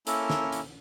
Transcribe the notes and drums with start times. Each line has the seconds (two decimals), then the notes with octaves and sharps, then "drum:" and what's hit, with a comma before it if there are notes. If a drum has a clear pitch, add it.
0.07 A#3 C#4 E4 A4 A#4, drum: hi-hat
0.30 drum: snare
0.52 drum: hi-hat